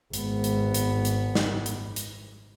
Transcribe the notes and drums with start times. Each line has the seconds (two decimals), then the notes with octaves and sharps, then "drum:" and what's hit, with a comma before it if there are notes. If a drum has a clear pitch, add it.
0.13 G#1 B3, drum: hi-hat
0.44 drum: hi-hat
0.74 drum: hi-hat
1.05 drum: hi-hat
1.35 drum: snare
1.66 drum: hi-hat
1.96 drum: hi-hat